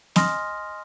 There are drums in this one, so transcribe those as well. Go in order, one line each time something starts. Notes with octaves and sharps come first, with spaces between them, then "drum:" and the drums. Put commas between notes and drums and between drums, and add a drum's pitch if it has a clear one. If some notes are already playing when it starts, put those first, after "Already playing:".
D#5 G#5 C6 D#6 F6 A#6, drum: snare